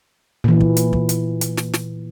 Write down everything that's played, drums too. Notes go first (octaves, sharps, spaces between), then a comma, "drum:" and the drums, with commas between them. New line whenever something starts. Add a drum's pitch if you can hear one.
A#2 E3
drum: kick
drum: hi-hat
drum: kick
drum: hi-hat
drum: hi-hat
drum: snare
drum: snare